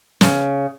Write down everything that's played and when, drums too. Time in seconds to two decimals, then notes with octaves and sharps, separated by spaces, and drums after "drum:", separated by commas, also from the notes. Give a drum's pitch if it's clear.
0.21 C#3, drum: snare